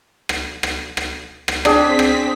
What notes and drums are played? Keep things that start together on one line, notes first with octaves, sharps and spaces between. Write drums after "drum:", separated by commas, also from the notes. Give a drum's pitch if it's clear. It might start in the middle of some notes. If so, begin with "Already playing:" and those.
drum: rim click
drum: rim click
drum: rim click
drum: rim click
C4 D4 G#4 G5 B6, drum: rim click
drum: rim click